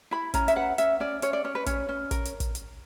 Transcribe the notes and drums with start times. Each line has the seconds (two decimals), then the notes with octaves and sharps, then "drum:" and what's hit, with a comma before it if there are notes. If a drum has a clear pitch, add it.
0.11 E4 B5
0.34 C#4 A#5, drum: kick, hi-hat
0.48 E5, drum: hi-hat
0.56 B4 F#5
0.78 C#4 E5, drum: hi-hat
1.00 C#4 D5
1.22 C#4 C#5, drum: hi-hat
1.33 D5
1.44 C#4 C#5
1.55 B4
1.66 C#4 C#5, drum: kick, hi-hat
1.89 C#4
2.11 A#4, drum: kick, hi-hat
2.25 drum: hi-hat
2.40 drum: kick, hi-hat
2.55 drum: hi-hat